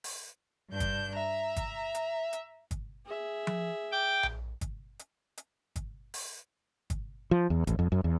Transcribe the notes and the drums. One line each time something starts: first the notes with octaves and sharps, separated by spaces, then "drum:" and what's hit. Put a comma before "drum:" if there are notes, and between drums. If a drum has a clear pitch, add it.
drum: open hi-hat
G2 D4 G6
drum: kick, hi-hat
E5 A#5
drum: kick, hi-hat
drum: hi-hat
drum: hi-hat
drum: kick, hi-hat
G#4 E5
drum: tom F3
G5 D6
drum: tom A#1
drum: kick, hi-hat
drum: hi-hat
drum: hi-hat
drum: kick, hi-hat
drum: open hi-hat
drum: kick, hi-hat
F3
E2
A1, drum: kick, hi-hat
F2
F#2
E2